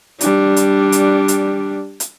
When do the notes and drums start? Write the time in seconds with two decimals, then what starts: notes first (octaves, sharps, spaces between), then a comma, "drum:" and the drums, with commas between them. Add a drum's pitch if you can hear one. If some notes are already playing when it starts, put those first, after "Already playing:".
0.21 G3 D4, drum: hi-hat
0.56 drum: hi-hat
0.92 drum: hi-hat
1.28 drum: hi-hat
2.00 drum: hi-hat